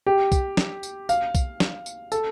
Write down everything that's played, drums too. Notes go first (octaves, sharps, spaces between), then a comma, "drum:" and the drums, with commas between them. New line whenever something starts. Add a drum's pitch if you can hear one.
G4
drum: kick B1, tambourine
drum: snare
drum: tambourine
F5, drum: tambourine
drum: kick B1, tambourine
drum: snare
drum: tambourine
A4, drum: tambourine